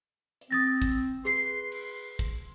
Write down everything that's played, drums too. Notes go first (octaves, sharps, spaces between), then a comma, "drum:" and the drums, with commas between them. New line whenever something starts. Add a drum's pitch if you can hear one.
drum: hi-hat
C4 D#6 A6 A#6
drum: kick
G#4 B4 C6 C7, drum: hi-hat
drum: cymbal
drum: kick